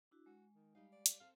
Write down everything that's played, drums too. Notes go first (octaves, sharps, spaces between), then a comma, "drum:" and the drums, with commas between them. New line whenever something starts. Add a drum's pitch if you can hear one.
D4 E4 F#4
G#3 F#4
D#3
G3 D#4 F5
D5
drum: hi-hat
C4 A4 F5